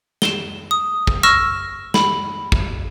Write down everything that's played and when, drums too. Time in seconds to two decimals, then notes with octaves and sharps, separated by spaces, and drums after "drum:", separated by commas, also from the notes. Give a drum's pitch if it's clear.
0.22 E7 G7, drum: snare
0.71 D#6
1.07 drum: kick
1.23 C#6 E6 F6 A#6 E7
1.94 B5, drum: snare
2.52 drum: kick